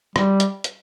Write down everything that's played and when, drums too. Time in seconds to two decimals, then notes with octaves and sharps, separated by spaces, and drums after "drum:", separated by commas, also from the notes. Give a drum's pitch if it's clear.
0.16 G3, drum: rim click
0.40 drum: hi-hat
0.64 drum: hi-hat